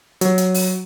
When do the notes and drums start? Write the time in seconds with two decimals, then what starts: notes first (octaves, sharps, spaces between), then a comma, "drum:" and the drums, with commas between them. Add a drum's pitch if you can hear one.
0.21 F#3, drum: hi-hat
0.38 drum: hi-hat
0.54 drum: open hi-hat